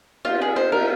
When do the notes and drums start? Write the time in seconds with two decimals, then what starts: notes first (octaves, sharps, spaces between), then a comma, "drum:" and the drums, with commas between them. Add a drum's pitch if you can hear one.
0.25 F4, drum: cymbal
0.42 G#4
0.56 C5
0.72 A#4, drum: cymbal